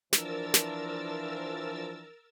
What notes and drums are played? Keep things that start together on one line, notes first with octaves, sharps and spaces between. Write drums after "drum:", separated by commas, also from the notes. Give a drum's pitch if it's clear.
E3 F3 D4 A#4 E6 A6, drum: snare
drum: snare